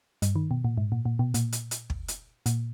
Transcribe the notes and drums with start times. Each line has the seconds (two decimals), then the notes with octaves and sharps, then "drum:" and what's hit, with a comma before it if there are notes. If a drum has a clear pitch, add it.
0.22 G2, drum: hi-hat
0.36 D#3
0.51 B2
0.65 A#2
0.78 G#2
0.92 A#2
1.05 A#2
1.19 B2
1.34 A#2, drum: hi-hat
1.52 drum: hi-hat
1.71 drum: hi-hat
1.90 drum: kick
2.08 drum: hi-hat
2.46 A#2, drum: hi-hat